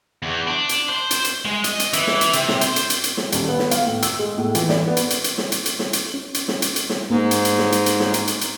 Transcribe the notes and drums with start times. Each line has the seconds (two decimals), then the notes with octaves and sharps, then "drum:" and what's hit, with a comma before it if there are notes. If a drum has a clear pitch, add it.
0.23 E2
0.47 D4
0.69 drum: hi-hat
0.88 C5
1.11 drum: hi-hat
1.24 drum: hi-hat
1.45 G#3
1.64 D#5, drum: hi-hat
1.79 drum: hi-hat
1.93 E3, drum: hi-hat
2.07 drum: snare
2.21 drum: hi-hat
2.33 C3, drum: hi-hat
2.48 drum: snare
2.61 C5, drum: hi-hat
2.76 drum: hi-hat
2.90 drum: hi-hat
3.04 drum: hi-hat
3.17 drum: snare
3.32 D#1, drum: hi-hat
3.49 B3
3.59 drum: snare
3.71 F5, drum: hi-hat
3.86 A2
4.02 E6, drum: hi-hat
4.19 G#3
4.38 A2
4.55 E3, drum: hi-hat
4.69 D5, drum: snare
4.87 B3
4.97 drum: hi-hat
5.10 drum: hi-hat
5.24 drum: hi-hat
5.38 drum: snare
5.52 drum: hi-hat
5.66 drum: hi-hat
5.79 drum: snare
5.93 drum: hi-hat
6.14 C#4
6.34 drum: hi-hat
6.48 drum: snare
6.62 drum: hi-hat
6.76 drum: hi-hat
6.90 drum: snare
7.11 G#2 A#3
7.31 drum: hi-hat
7.45 drum: hi-hat
7.59 drum: snare
7.72 drum: hi-hat
7.86 drum: hi-hat
8.00 drum: snare
8.14 drum: hi-hat
8.27 drum: hi-hat
8.41 drum: hi-hat